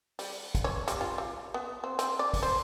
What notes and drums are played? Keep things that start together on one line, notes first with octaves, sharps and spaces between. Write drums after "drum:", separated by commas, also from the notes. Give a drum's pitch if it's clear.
G3, drum: open hi-hat
drum: kick, hi-hat
C#5
G3, drum: hi-hat
F4
G3
B3
C4
C4, drum: hi-hat
D5
drum: kick, open hi-hat
C5